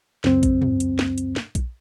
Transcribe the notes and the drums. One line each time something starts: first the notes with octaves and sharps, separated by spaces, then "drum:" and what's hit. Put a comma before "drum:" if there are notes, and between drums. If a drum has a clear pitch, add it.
C#2 F#2 C4, drum: snare
drum: kick A#1, hi-hat
drum: tom
drum: hi-hat
drum: snare
drum: hi-hat
drum: snare
drum: kick A#1, hi-hat